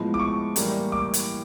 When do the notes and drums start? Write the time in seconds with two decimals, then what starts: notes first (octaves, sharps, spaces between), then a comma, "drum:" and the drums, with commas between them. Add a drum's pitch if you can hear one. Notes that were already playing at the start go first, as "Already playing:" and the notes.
Already playing: A2 F3 G#3 B3
0.14 D6
0.20 C#6
0.56 A2 E3 G3 A#3, drum: hi-hat
0.92 D6
1.14 drum: hi-hat